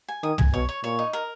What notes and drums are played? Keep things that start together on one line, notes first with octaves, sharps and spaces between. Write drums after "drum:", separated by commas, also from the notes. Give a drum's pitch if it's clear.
G#5
D#3 D#6
G#5, drum: tom
B2 C#5
C#5
A#2 C#5
D#4
A#4